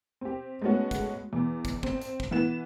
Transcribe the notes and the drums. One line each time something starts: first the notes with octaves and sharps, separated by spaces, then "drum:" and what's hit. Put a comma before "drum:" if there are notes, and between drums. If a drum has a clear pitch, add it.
C4 G4
G#3 A3 B3 C#4 F#4
drum: kick, hi-hat
E2
drum: kick, hi-hat
C4, drum: kick
drum: hi-hat
drum: kick
E3 B3 E7